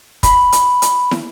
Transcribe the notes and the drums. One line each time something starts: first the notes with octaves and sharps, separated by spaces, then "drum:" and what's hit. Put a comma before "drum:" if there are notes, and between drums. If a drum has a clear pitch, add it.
B5, drum: kick, hi-hat
drum: hi-hat
drum: hi-hat
drum: snare